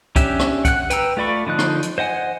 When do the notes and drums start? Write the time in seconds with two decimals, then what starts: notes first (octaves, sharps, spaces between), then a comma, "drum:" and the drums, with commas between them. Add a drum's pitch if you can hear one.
0.16 C#4 D4 G4 E5, drum: kick, hi-hat
0.39 drum: rim click
0.65 F#5 F#6, drum: kick, hi-hat
0.90 B4 G5 A#5 E6, drum: hi-hat
1.17 A3 F4 D5 B5 C#6
1.47 D3 F3 D#4 F#6
1.59 drum: rim click
1.82 drum: hi-hat
1.98 C5 D#5 F#5 G#5